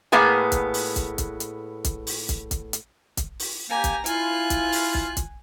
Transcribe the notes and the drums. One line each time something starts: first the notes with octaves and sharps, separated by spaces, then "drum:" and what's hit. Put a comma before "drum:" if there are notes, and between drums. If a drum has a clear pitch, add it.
A2 A#3 B3 G#4 G#5
drum: kick, hi-hat
drum: open hi-hat
drum: kick, hi-hat
drum: kick, hi-hat
drum: hi-hat
drum: kick, hi-hat
drum: open hi-hat
drum: kick, hi-hat
drum: kick, hi-hat
drum: hi-hat
drum: kick, hi-hat
drum: open hi-hat
A#3 G4 G#5 A#5
drum: kick, hi-hat
E4 F4 G#5 F#6, drum: hi-hat
drum: kick, hi-hat
drum: open hi-hat
drum: kick
drum: kick, hi-hat